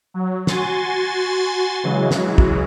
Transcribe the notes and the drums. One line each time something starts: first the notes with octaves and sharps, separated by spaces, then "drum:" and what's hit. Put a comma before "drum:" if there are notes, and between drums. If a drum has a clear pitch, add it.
F#3
F#4 G#5 C6 A6, drum: snare
C#3 E3 F#3 G#3
drum: snare
drum: kick